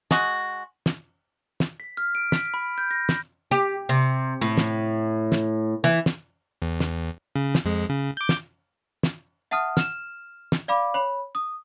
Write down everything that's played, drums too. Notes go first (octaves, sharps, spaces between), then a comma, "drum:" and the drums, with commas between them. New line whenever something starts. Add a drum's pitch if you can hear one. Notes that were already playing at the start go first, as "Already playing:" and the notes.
G#3 F#4, drum: snare
drum: snare
drum: snare
B6
F6
D7
B6, drum: snare
B5
G6
A#6
drum: snare
G4
C3
A2
drum: snare
drum: snare
E3
drum: snare
E2
drum: snare
C#3
drum: snare
F2 G#3
C#3
D6 G6
drum: snare
drum: snare
E5 F#5 A5 D#6 F6
F6 E7, drum: snare
drum: snare
D5 F5 B5 D6
C#5 B5
D#6